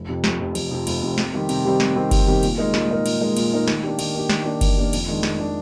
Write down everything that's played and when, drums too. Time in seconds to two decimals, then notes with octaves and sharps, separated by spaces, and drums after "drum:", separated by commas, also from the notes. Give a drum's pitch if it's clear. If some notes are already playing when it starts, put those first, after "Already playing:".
Already playing: F1
0.09 F2 C3
0.24 F1, drum: snare
0.40 F2 C3
0.55 F1, drum: cymbal
0.71 F2 C3
0.87 F1, drum: cymbal
1.02 F2 C3
1.18 C3, drum: snare
1.34 D#3 G3 C4 G4
1.49 C3, drum: cymbal
1.65 D#3 G3 C4 G4
1.80 C3, drum: snare
1.96 D#3 G3 C4 G4
2.11 C3, drum: kick F#1, cymbal
2.27 D#3 G3 C4 G4
2.43 A#2, drum: cymbal
2.58 G#3 D#4 A#4
2.74 A#2, drum: snare
2.90 G#3 D#4 A#4
3.06 A#2, drum: cymbal
3.21 G#3 D#4 A#4
3.37 A#2, drum: cymbal
3.53 G#3 D#4 A#4
3.68 D#3, drum: snare
3.83 A#3 D4 G4
3.99 D#3, drum: cymbal
4.14 A#3 D4 G4
4.29 D#3, drum: snare
4.45 A#3 D4 G4
4.61 D#3, drum: kick F#1, cymbal
4.77 A#3 D4 G4
4.93 F2, drum: cymbal
5.08 D#3 G#3 D4
5.23 F2, drum: snare
5.39 D#3 G#3 D4